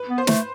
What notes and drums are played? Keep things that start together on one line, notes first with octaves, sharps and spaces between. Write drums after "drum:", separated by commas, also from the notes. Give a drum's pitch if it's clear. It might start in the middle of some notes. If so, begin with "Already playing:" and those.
Already playing: B4
B3
C5
A3, drum: snare